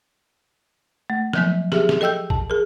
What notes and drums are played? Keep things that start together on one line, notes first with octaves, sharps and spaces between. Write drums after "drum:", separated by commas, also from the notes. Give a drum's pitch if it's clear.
A3
F3 F#3 B3, drum: snare
G4 G#4 E5, drum: snare
drum: snare
A4 D#5 G5 E6 G6
A5, drum: kick
G#4 A#4